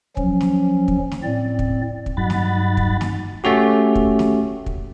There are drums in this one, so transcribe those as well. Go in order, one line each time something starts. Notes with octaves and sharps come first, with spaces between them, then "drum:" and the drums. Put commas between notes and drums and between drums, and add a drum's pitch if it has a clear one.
F3 F#3 C#4, drum: kick
drum: snare
drum: kick
drum: snare
A2 C4 D5
drum: kick
drum: kick
G2 F#3 D#4 F#5 B5 A6
drum: snare
drum: kick
drum: snare
A3 C#4 F#4 G4
drum: kick
drum: snare
drum: kick